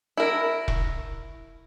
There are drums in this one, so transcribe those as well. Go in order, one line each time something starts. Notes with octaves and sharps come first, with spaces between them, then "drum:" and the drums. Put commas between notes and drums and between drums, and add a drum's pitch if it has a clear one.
E4 A#4
drum: kick E1